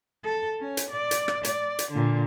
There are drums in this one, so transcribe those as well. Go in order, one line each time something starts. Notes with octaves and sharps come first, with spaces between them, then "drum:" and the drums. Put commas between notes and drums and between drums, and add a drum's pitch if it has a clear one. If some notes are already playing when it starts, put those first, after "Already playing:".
A4
C#4
drum: hi-hat
D5
drum: hi-hat
drum: rim click
D5, drum: hi-hat
drum: hi-hat
A#2 D3